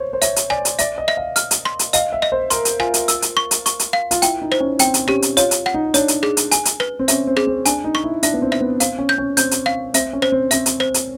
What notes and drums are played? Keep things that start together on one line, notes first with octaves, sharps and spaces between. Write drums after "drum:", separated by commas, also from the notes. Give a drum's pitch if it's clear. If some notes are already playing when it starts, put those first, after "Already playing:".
Already playing: C5 C#5
C5
C#5 E5, drum: hi-hat
drum: hi-hat
D5 G#5, drum: rim click
drum: hi-hat
D5 E5, drum: hi-hat
D#5
E5, drum: rim click
F5
F6, drum: hi-hat
drum: hi-hat
C6, drum: rim click
drum: hi-hat
D#5 F5, drum: hi-hat
E5
D#5, drum: rim click
C5
A#4 C6, drum: hi-hat
drum: hi-hat
F4 G#5, drum: rim click
drum: hi-hat
E6, drum: hi-hat
drum: hi-hat
C#6, drum: rim click
drum: hi-hat
C#6, drum: hi-hat
drum: hi-hat
F5, drum: rim click
F4, drum: hi-hat
E4 G5, drum: hi-hat
D#4
C5, drum: rim click
C#4
C4 G5, drum: hi-hat
drum: hi-hat
C#4 G4, drum: rim click
drum: hi-hat
F4 C#5, drum: hi-hat
drum: hi-hat
F#5, drum: rim click
D#4
D4 C#5, drum: hi-hat
drum: hi-hat
G#4, drum: rim click
drum: hi-hat
G#5, drum: hi-hat
drum: hi-hat
B4, drum: rim click
C4
C#4 E5, drum: hi-hat
C4
G#4, drum: rim click
C4
D4 G#5, drum: hi-hat
D#4
C#6, drum: rim click
E4
D4 E5, drum: hi-hat
B3
C4
E5, drum: rim click
B3
C4 F5, drum: hi-hat
C#4
G6, drum: rim click
C#4
C4 G6, drum: hi-hat
drum: hi-hat
F5, drum: rim click
C4 E5, drum: hi-hat
C#4
C5, drum: rim click
C4
C4 E5, drum: hi-hat
drum: hi-hat
C5, drum: rim click
drum: hi-hat